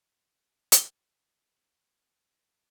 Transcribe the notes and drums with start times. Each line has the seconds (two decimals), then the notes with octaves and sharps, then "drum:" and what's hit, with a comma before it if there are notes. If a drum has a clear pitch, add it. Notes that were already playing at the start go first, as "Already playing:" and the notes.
0.20 F#4
0.72 drum: hi-hat
0.93 F3 C4
1.68 E2
2.14 G2